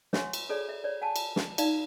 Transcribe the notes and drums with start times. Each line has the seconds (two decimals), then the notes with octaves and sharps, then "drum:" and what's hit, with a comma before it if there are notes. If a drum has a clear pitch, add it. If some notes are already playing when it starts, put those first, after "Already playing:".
0.13 C#5 E5 F#5 G#5 C6 C#6, drum: snare
0.33 drum: cymbal
0.49 G#4 A4 C#5 D5
0.69 E5
0.84 C#5 D5
1.01 F#5 G#5 A5
1.16 drum: cymbal
1.36 drum: snare
1.58 D#4 D5 F5, drum: cymbal